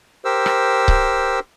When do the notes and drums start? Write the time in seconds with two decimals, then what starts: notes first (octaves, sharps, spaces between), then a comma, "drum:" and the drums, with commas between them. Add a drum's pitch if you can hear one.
0.25 G4 A#4 C5 E6
0.46 drum: rim click
0.88 drum: kick C#1